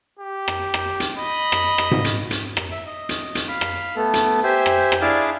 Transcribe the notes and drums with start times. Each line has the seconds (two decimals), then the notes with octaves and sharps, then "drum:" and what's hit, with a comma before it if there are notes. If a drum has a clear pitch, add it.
0.20 G4
0.48 drum: rim click
0.74 drum: rim click
1.00 drum: hi-hat
1.18 D#5 B5
1.52 drum: rim click
1.78 drum: rim click
1.91 drum: tom G#2
2.04 drum: hi-hat
2.31 drum: hi-hat
2.57 drum: rim click
2.72 E5
2.86 D#5
3.09 drum: hi-hat
3.35 drum: hi-hat
3.48 F5 B5
3.61 drum: rim click
3.96 A3 B3 A4
4.14 drum: hi-hat
4.44 G4 C5 E5 G#5
4.66 drum: rim click
4.92 drum: rim click
5.01 D4 E4 G#4 D5 F5 A5